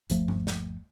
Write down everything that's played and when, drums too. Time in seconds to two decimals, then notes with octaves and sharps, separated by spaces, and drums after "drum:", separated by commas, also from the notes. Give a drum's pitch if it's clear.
0.10 G1 D#2 F3 A3, drum: hi-hat
0.28 drum: tom G2
0.47 drum: snare